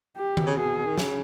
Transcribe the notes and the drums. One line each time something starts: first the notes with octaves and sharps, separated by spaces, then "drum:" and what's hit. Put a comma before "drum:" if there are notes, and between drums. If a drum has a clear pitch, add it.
G4
drum: tom D#3
C#3
B2 G#4
D#3
C#3, drum: snare